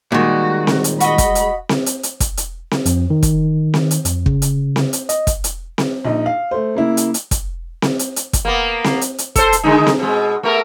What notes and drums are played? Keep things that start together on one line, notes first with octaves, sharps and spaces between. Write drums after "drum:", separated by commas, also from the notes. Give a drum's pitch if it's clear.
A#2 D#3 G3 G#3 F#4
drum: snare C4
drum: hi-hat
F#4 D#5 B5, drum: hi-hat
drum: kick, hi-hat
drum: hi-hat
drum: snare C4
drum: hi-hat
drum: hi-hat
drum: kick, hi-hat
drum: hi-hat
drum: snare C4
F2, drum: hi-hat
D#3
drum: kick, hi-hat
drum: snare C4
drum: hi-hat
F2, drum: hi-hat
C#3, drum: kick
drum: hi-hat
drum: snare C4
drum: hi-hat
D#5, drum: hi-hat
drum: kick, hi-hat
drum: hi-hat
drum: snare C4
A#1 D#4
F5
A3 C5
C#3 A#3 E4
drum: hi-hat
drum: hi-hat
drum: kick, hi-hat
drum: snare C4
drum: hi-hat
drum: hi-hat
drum: kick, hi-hat
A#3 B3
drum: snare C4
drum: hi-hat
drum: hi-hat
A4 C5, drum: kick, hi-hat
drum: hi-hat
D3 G#3 D#4
drum: snare C4
B2 G#3
A3 B3 A#4